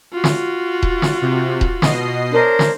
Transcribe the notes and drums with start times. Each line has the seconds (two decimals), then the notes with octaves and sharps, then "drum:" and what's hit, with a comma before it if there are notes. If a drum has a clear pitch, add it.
0.13 F4 F#4
0.24 drum: snare
0.83 drum: kick D#1
1.02 drum: snare
1.22 C3
1.61 drum: kick D#1
1.82 B2 D#5 C7, drum: snare
2.33 D4 A#4 C5 C#5
2.59 drum: snare